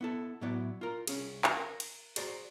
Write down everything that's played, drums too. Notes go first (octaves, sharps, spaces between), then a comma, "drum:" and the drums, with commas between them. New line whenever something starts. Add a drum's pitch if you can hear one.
B3 E4 A4
A2 F#3 B3 E4 D5
F4 A#4
C2 C#4 G#4, drum: cymbal
drum: clap
A#4
drum: cymbal
F#4 G#4 C5 D5 A#5, drum: cymbal